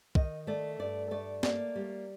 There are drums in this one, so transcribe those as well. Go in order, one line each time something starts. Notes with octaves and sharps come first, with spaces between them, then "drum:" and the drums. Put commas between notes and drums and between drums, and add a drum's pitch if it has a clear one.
D#3 D#5, drum: kick
A3 D5
G2 D5
A3 D5
A#3 D5, drum: snare
G3